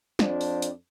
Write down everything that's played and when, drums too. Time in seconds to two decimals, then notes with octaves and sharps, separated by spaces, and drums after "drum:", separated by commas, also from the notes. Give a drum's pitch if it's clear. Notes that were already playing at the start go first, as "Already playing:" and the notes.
0.19 F2 F3 D4, drum: snare
0.41 drum: open hi-hat
0.62 drum: hi-hat